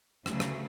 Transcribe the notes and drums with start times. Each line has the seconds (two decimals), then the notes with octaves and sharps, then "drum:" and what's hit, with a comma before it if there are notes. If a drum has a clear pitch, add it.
0.26 D2 C#3 F#3 A3, drum: rim click
0.40 drum: rim click